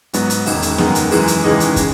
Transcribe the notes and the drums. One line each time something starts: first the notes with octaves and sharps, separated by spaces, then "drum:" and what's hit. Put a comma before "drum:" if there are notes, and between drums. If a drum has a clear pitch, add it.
G#2 F#3 B3 F#4, drum: hi-hat
drum: hi-hat
E1 D#2 C#3, drum: open hi-hat
drum: hi-hat
F#2 D#3 G#3 B3, drum: snare
drum: hi-hat
F#2 E3 G#3, drum: open hi-hat
drum: hi-hat
D#2 C#3 E3 G#3 D#4
drum: hi-hat
C#3, drum: kick, hi-hat